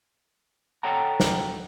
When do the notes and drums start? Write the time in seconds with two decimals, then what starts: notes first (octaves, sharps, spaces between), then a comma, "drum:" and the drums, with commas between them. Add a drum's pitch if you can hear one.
0.83 A4 C#5 F#5 G5 A#5
1.20 drum: snare